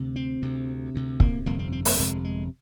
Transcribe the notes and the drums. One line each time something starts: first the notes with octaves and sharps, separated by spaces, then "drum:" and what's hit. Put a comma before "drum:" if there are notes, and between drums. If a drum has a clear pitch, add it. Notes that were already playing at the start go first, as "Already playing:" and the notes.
Already playing: D2 C3
C4
D2 C3
D2 C3
A#3, drum: kick
G1 F2 C3 A#3
C4
C4
A#3, drum: open hi-hat
G1 F2 C3 G#3
G#3